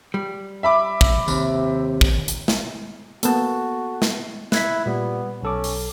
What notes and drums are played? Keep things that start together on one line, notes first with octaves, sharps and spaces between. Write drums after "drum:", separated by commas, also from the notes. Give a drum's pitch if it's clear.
G3
E5 B5 D6
drum: kick
D#2 C3, drum: tambourine
drum: kick
drum: hi-hat
drum: snare
A#3 B3 F#4 A4 A5, drum: hi-hat
drum: snare
E4 F#6 G#6 B6, drum: snare
A#2 G3 B3
B1 C#4 A4 D6
drum: open hi-hat